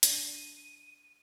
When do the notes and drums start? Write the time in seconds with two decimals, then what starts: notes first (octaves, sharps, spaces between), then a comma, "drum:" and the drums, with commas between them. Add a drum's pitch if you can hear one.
0.03 D4 D#7, drum: hi-hat